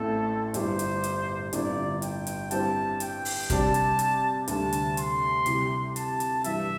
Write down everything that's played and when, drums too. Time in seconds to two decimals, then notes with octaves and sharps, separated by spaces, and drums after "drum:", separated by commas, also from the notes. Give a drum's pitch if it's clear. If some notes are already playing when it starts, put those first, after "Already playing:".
Already playing: A1 A2 A3 C4 A4
0.54 G1 G2 G3 E4 G4 C5, drum: hi-hat
0.79 drum: hi-hat
1.04 drum: hi-hat
1.53 G1 G2 D3 C4 E4 D5, drum: hi-hat
2.02 G5, drum: hi-hat
2.27 drum: hi-hat
2.51 G2 G3 C4 E4 G4 A5, drum: hi-hat
3.00 G5, drum: hi-hat
3.25 drum: open hi-hat
3.50 C3 G3 D4 A5, drum: kick, hi-hat
3.74 drum: hi-hat
3.99 drum: hi-hat
4.48 D2 D3 G3 A5, drum: hi-hat
4.73 drum: hi-hat
4.97 C6, drum: hi-hat
5.46 C3 G3 E4 G4, drum: hi-hat
5.96 A5, drum: hi-hat
6.20 drum: hi-hat
6.44 G2 E3 G3 E5, drum: hi-hat